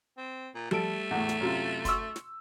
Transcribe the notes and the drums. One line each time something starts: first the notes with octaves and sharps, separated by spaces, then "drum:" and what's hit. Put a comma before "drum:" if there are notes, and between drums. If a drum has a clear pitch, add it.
C4
A#2
G3 A3 A4 D7, drum: tom F3
E2 A2
drum: snare
F#2 C3 F4
C6 C#6 E6, drum: kick, hi-hat
drum: snare